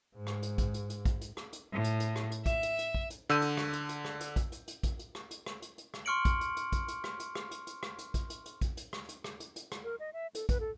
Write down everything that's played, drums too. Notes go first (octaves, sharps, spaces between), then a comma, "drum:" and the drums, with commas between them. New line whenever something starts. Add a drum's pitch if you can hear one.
G#2
drum: rim click
drum: hi-hat
drum: kick A#1, hi-hat
drum: hi-hat
drum: hi-hat
drum: kick A#1, hi-hat
drum: hi-hat
drum: rim click
drum: hi-hat
A2
drum: hi-hat
drum: hi-hat
drum: rim click
drum: hi-hat
E5, drum: kick A#1, hi-hat
drum: hi-hat
drum: hi-hat
drum: kick A#1
drum: hi-hat
D3 E6 G6 D#7
drum: hi-hat
drum: rim click
drum: hi-hat
drum: hi-hat
drum: rim click
drum: hi-hat
drum: kick A#1, hi-hat
drum: hi-hat
drum: hi-hat
drum: kick A#1, hi-hat
drum: hi-hat
drum: rim click
drum: hi-hat
drum: rim click
drum: hi-hat
drum: hi-hat
drum: rim click
C6 C#6 F6 C#7 D7 F#7
drum: kick A#1, hi-hat
drum: hi-hat
drum: hi-hat
drum: kick A#1, hi-hat
drum: hi-hat
drum: rim click
drum: hi-hat
drum: rim click
drum: hi-hat
drum: hi-hat
drum: rim click
drum: hi-hat
drum: kick A#1, hi-hat
drum: hi-hat
drum: hi-hat
drum: kick A#1, hi-hat
drum: hi-hat
drum: rim click
drum: hi-hat
drum: rim click
drum: hi-hat
drum: hi-hat
drum: rim click
A#4
D#5
E5
A4, drum: hi-hat
B4, drum: kick A#1, hi-hat
A4